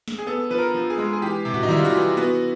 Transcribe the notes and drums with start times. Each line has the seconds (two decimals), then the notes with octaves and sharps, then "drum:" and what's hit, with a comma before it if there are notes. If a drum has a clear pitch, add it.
0.08 drum: snare
0.19 G#4
0.27 B3 A4
0.50 F3 B4
0.59 A#4
0.74 F3
0.90 G#4
0.98 G#3
1.13 G#4
1.22 E3 G4
1.45 C3
1.54 F#4, drum: tom
1.63 D#4
1.69 G3 E4, drum: tom D3
1.78 F4
1.84 F#4
1.93 E3
2.17 B3 F#4